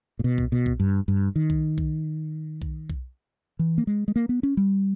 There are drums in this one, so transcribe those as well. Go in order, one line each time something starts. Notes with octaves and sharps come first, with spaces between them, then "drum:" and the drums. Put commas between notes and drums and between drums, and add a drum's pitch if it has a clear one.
A#2
B2
drum: kick B1
B2
drum: kick B1
G2
G2
D#3
drum: kick B1
drum: kick B1
drum: kick B1
drum: kick B1
E3
A#3
G#3
G#3
A#3
B3
C#4
G3